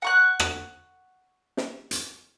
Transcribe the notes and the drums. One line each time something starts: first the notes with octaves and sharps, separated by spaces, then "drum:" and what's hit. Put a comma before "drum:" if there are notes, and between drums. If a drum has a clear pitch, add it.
F#5 C#6 F#6
drum: rim click
drum: snare
drum: hi-hat